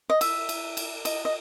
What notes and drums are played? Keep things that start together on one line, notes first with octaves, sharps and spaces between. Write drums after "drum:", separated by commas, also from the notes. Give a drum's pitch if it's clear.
D#5
E5, drum: cymbal
drum: cymbal
drum: cymbal
D#5, drum: cymbal
D#5